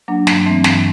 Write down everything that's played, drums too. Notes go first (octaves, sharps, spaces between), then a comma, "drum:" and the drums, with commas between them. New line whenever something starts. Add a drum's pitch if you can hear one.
F#3 A#3 D4
G2, drum: snare
E3 A3 C4
G2, drum: snare